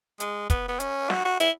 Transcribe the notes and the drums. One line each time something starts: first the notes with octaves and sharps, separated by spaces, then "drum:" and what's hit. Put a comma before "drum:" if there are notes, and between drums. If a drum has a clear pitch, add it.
G#3, drum: hi-hat
B3, drum: kick, hi-hat
B3
C#4, drum: hi-hat
F#4, drum: snare
F#4
E4, drum: hi-hat